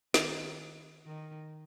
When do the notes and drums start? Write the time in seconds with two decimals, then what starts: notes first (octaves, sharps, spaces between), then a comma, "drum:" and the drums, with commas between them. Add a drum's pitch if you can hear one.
0.14 D#3, drum: snare
1.06 D#3